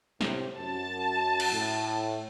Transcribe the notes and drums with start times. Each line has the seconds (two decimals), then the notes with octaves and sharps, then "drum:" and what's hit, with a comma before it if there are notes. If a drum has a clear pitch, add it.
0.21 A2 C3, drum: snare
0.58 F#2 A5
1.40 drum: cymbal
1.53 A2